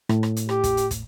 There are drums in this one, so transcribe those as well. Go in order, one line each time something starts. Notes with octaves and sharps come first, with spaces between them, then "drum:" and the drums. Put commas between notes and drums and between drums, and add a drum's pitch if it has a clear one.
A2, drum: rim click
drum: rim click
drum: hi-hat
G4, drum: rim click
drum: kick, hi-hat
drum: hi-hat
drum: kick, hi-hat